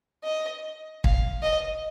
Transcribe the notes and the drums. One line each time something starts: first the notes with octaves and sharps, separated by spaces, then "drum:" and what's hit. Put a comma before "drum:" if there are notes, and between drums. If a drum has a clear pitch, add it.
D#5
F5, drum: kick
D#5